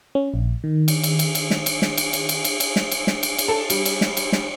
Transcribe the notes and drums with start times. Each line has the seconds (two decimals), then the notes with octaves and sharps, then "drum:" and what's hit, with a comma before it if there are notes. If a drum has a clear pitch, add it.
0.15 C#4
0.34 A#1
0.64 D#3
0.88 drum: cymbal
1.04 drum: cymbal
1.19 drum: cymbal
1.35 drum: cymbal
1.50 drum: snare
1.66 drum: cymbal
1.82 drum: snare
1.97 drum: cymbal
2.13 drum: cymbal
2.29 drum: cymbal
2.44 drum: cymbal
2.60 drum: cymbal
2.76 drum: snare
2.91 drum: cymbal
3.07 drum: snare
3.23 drum: cymbal
3.38 drum: cymbal
3.48 A4
3.70 G3, drum: cymbal
3.85 drum: cymbal
4.01 drum: snare
4.17 drum: cymbal
4.32 drum: snare